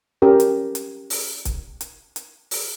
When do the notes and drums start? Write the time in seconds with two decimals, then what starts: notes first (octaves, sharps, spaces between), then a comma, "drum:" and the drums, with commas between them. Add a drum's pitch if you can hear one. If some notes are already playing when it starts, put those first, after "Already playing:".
0.22 C#4 G4 A#4
0.40 drum: hi-hat
0.75 drum: hi-hat
1.10 drum: open hi-hat
1.45 drum: kick C#1, hi-hat
1.81 drum: hi-hat
2.16 drum: hi-hat
2.51 drum: open hi-hat